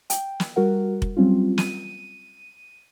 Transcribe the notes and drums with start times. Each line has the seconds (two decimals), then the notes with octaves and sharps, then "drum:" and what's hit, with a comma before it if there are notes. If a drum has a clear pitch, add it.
0.10 G5, drum: hi-hat
0.40 drum: snare
0.56 G3 F#4 A#4 F#5
1.02 drum: kick F1
1.17 F#3 G3 C4 C#4 F4
1.58 D#7, drum: snare